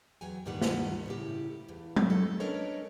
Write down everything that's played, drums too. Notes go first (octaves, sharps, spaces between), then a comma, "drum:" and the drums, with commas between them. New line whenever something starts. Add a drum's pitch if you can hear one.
E2 F#3 G5 G#5
D2 G2 A#2 D#3 G3 F#5
drum: snare
A2 C#3 G4
E2 G2
drum: tom F#3
A4
C#4 D4 A#4 B4 C#5 D#5